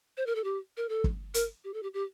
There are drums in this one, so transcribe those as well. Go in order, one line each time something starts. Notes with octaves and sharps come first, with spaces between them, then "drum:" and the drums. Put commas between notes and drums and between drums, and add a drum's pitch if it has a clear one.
C5
A#4
A4
G4
A#4
A4
drum: kick
A#4, drum: hi-hat
G4
A4
G4
G4